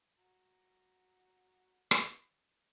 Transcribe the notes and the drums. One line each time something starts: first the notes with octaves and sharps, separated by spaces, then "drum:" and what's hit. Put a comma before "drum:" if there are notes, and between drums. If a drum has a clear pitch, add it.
F#4 A#5
drum: rim click